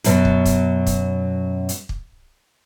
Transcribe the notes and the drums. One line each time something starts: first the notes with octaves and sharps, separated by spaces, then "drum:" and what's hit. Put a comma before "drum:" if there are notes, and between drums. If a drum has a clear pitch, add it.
F#2 B2 F#3, drum: hi-hat
drum: kick
drum: kick, hi-hat
drum: kick, hi-hat
drum: hi-hat
drum: kick